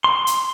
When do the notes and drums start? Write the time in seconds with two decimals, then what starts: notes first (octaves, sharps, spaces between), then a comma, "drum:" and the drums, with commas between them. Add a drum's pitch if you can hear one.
0.04 C6
0.27 drum: hi-hat